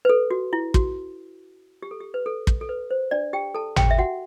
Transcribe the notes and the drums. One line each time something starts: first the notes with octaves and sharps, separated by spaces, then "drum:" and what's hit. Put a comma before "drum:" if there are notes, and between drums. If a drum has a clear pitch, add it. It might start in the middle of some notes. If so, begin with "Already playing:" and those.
B4
A4
F#4
E4
F#4, drum: kick
G4
A4
G4
B4
A4
drum: kick
A4
B4
C5
D4 D5
G4 G5
A4 A5
G4 G5, drum: tom
E5
F#4 F#5